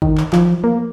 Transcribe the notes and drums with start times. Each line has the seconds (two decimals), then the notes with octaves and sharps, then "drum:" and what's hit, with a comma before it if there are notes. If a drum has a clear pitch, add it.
0.02 D#3, drum: kick
0.17 drum: clap
0.33 F3, drum: clap
0.64 A#3